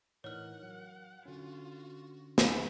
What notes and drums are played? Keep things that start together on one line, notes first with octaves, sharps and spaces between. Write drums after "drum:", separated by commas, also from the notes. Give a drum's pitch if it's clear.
A2 E3 D#4 A#4 C#5 F#5 F6
F#3
D3 C#4 F4 F#4
C#5 B5, drum: snare